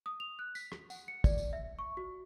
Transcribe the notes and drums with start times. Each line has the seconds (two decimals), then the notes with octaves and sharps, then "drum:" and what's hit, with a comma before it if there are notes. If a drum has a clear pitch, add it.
0.06 D#6
0.20 F7
0.39 F#6
0.55 B6, drum: tambourine
0.72 drum: rim click
0.90 F#5, drum: tambourine
1.08 C#7
1.24 D5, drum: kick, tambourine
1.38 drum: tambourine
1.53 E5
1.79 C#6
1.97 F#4